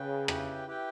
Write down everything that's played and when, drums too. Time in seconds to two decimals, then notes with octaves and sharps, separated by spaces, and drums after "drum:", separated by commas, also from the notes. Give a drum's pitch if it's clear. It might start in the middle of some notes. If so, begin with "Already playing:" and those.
Already playing: C#3 B4 G5
0.28 E4 G4 B4 G5, drum: rim click
0.67 E4 G4 B4 G5